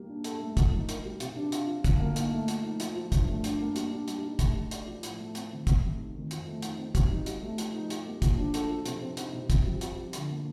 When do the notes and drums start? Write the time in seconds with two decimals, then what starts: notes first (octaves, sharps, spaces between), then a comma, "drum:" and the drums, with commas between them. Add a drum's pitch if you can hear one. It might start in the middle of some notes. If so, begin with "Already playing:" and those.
Already playing: G3 A#3 D#4
0.09 D4
0.24 A4, drum: hi-hat
0.41 A3
0.57 F3, drum: kick, hi-hat
0.73 D#4
0.89 A#4, drum: hi-hat
1.05 G3
1.20 C3, drum: hi-hat
1.36 D4
1.52 F4, drum: hi-hat
1.68 F3
1.84 D3, drum: kick, hi-hat
2.00 A#3
2.16 D#4, drum: hi-hat
2.32 A3
2.48 F3, drum: hi-hat
2.64 D#4
2.80 F3, drum: hi-hat
2.96 F3
3.12 G2, drum: kick, hi-hat
3.28 A3
3.44 D4, drum: hi-hat
3.60 A#3
3.76 G3, drum: hi-hat
3.92 D4
4.08 G3, drum: hi-hat
4.24 D#4
4.39 A3, drum: kick, hi-hat
4.55 G4
4.71 D5, drum: hi-hat
4.87 F3
5.03 A2, drum: hi-hat
5.19 A3
5.35 C4, drum: hi-hat
5.51 D#3
5.67 C3, drum: kick, hi-hat
5.83 A3
5.99 D#4
6.15 D#3
6.31 F2, drum: hi-hat
6.47 A3
6.62 D#4, drum: hi-hat
6.78 C4
6.95 G3, drum: kick, hi-hat
7.11 D#4
7.26 G3, drum: hi-hat
7.42 A3
7.58 F3, drum: hi-hat
7.74 D#4
7.90 G4, drum: hi-hat
8.06 A#3
8.22 F3, drum: kick, hi-hat
8.38 D4
8.54 A4, drum: hi-hat
8.70 F3
8.86 C3, drum: hi-hat
9.02 C4
9.17 D#4, drum: hi-hat
9.33 C3
9.50 F2, drum: kick, hi-hat
9.65 G3
9.81 F2, drum: hi-hat
9.97 F3
10.13 D3, drum: hi-hat
10.29 A#3